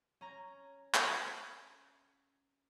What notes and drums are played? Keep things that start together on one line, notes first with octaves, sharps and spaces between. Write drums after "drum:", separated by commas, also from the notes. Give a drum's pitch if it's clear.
C#4 A#5 G#6
drum: clap